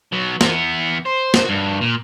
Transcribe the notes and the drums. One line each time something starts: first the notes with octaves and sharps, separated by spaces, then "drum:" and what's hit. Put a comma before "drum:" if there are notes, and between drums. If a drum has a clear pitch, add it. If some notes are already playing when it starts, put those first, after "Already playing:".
F#3 B3
E3 B3, drum: snare
C5
drum: snare
G2 F#4
A#2